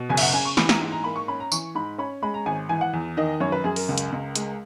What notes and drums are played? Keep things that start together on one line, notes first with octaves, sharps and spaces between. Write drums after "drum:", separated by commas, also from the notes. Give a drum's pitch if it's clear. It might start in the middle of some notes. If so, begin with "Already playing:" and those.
Already playing: B2
F#1 G#5
E5, drum: cymbal
F#5
C#3 G#5
C#6
E3 B5, drum: snare
A#5, drum: snare
G#2
A#5
A#3 B5
C#6
C#4 B5
A#5
E3 C#6, drum: tambourine
G#2 B5
C#4 B5
G#3 B5
A#5
G#1 G#5
E3 G#5
F#5
E2
D#3 D#5
F#2 C#5
B4
F#2 G#4
A#4, drum: open hi-hat
C#2
drum: hi-hat
C#2
G#3, drum: hi-hat